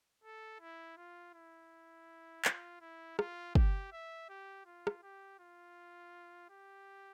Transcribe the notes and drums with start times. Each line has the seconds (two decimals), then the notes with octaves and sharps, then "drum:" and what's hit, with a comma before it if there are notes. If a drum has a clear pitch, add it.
0.24 A4
0.61 E4
0.98 F4
1.34 E4
2.45 F4, drum: clap
2.81 E4
3.19 F4, drum: rim click
3.55 G4, drum: kick
3.92 E5
4.29 G4
4.66 F4
4.87 drum: rim click
5.03 G4
5.40 F4
6.50 G4